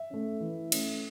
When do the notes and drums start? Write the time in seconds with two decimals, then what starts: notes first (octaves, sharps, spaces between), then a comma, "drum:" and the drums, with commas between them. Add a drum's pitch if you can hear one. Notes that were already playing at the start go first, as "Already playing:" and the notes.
Already playing: E5
0.10 A3 C#4
0.41 E3
0.72 A3 C#4, drum: cymbal